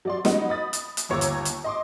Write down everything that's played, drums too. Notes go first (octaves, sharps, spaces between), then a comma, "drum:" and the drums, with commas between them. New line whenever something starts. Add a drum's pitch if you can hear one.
F#3 D5 C6
F#3 B3 D#4, drum: snare
B5 D#6 A6
drum: hi-hat
drum: hi-hat
G1 D#2 C#5 A#5 D6 E6
drum: hi-hat
drum: hi-hat
D#5 C6 D6